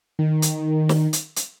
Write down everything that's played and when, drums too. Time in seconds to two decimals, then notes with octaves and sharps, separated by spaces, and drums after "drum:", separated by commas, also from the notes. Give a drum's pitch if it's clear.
0.19 D#3
0.42 drum: hi-hat
0.89 drum: snare
1.13 drum: hi-hat
1.36 drum: hi-hat